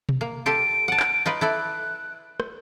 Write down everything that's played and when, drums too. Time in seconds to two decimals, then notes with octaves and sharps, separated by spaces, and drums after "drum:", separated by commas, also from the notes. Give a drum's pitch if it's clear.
0.09 drum: tom B2
0.21 A#3
0.46 F4 G4 A4 D7
0.88 F#5 A5
1.00 drum: clap
1.26 D#4 F4 B4
1.41 E4 A4 D5 F#6
2.40 drum: rim click